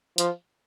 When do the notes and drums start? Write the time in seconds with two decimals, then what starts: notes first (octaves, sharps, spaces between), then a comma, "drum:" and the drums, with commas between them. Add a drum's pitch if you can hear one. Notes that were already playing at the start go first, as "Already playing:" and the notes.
0.18 F3, drum: hi-hat